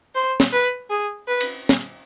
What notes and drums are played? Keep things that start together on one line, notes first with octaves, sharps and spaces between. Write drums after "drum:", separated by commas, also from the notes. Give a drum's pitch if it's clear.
C5
drum: snare
B4
G#4
B4
drum: cymbal
drum: snare